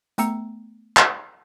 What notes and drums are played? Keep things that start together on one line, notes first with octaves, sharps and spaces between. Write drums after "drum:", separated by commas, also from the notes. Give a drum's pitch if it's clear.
A3 B3 G5 A#5 E6 C#7, drum: hi-hat
drum: clap